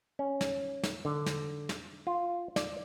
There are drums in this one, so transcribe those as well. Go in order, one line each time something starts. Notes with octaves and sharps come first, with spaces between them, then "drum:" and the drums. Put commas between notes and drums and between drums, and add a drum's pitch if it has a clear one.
C#4
drum: snare
drum: snare
D3
drum: snare
drum: snare
F4
D5, drum: snare